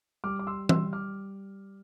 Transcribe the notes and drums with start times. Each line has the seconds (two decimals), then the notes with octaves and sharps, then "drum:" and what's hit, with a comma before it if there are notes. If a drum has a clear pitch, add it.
0.24 G3 D6 F6
0.39 D6
0.47 C6 E6
0.69 G3 C6 E6, drum: tom
0.93 D6 F6